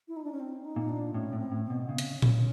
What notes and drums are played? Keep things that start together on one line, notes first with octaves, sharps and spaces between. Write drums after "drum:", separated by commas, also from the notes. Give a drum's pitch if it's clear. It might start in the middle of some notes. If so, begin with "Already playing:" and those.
E4
D#4
D4
C#4
C4
D#4
A#2
D4
A2 C#4
A2
C4
A2
C4
B2
C#3 C#4
drum: hi-hat
drum: tom A#2